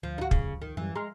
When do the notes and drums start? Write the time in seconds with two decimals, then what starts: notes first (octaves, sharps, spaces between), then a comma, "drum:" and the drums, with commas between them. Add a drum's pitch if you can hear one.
0.03 D2 F3
0.18 D#4 F#4
0.31 C#3, drum: kick
0.62 D#3
0.77 F#2 E3 G3
0.95 G#3 A#5 C6 F6